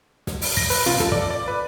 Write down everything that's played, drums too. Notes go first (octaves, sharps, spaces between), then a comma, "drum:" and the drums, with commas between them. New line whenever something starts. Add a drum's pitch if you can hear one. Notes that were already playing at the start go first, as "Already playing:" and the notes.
drum: snare
drum: open hi-hat
A#6, drum: kick
B4, drum: open hi-hat
F4, drum: tom
A4, drum: snare
D5, drum: kick
D5
B4